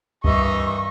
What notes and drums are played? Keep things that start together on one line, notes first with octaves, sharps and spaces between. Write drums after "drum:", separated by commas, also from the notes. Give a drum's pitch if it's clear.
G2 C3 D#3 E3 D#5 E5 C#6, drum: kick C#2